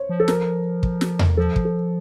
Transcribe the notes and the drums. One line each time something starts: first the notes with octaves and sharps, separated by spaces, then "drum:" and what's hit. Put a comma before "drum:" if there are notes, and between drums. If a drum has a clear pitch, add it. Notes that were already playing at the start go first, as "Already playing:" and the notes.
Already playing: C5 C#5
F3
A4
A#4, drum: snare
drum: kick
drum: snare
drum: tom E2
F3 A4
drum: kick
A4